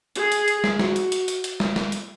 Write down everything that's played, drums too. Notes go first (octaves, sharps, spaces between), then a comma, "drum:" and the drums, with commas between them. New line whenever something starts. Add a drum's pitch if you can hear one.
G#4, drum: hi-hat
drum: hi-hat
drum: hi-hat
drum: snare
F#4, drum: snare
drum: hi-hat
drum: hi-hat
drum: hi-hat
drum: hi-hat
drum: snare
drum: snare
drum: hi-hat